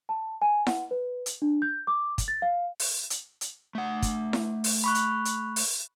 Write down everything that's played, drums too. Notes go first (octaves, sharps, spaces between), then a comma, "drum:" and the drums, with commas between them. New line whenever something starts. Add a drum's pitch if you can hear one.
A5
G#5
F#5, drum: snare E4
B4
drum: hi-hat
D4
G6
D6
drum: kick, hi-hat
A6
F5
drum: open hi-hat
drum: hi-hat
drum: hi-hat
A3 F#5
drum: kick, hi-hat
drum: snare E4
drum: open hi-hat
B5 C#6 F#6
drum: hi-hat
drum: hi-hat
drum: open hi-hat